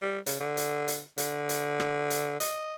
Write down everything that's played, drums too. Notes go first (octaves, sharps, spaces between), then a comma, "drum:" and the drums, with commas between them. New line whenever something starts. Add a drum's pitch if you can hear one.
G3
C#3, drum: hi-hat
D3
drum: hi-hat
drum: hi-hat
D3, drum: hi-hat
drum: hi-hat
drum: rim click
drum: hi-hat
D#5, drum: hi-hat